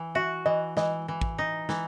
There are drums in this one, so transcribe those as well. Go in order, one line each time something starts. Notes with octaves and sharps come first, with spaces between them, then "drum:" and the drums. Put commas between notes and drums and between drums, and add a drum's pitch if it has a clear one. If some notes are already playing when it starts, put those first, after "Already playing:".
Already playing: E3
F#4 E5
E3 D#5
E3 D#5, drum: snare
E3
drum: kick
D#4
E3, drum: snare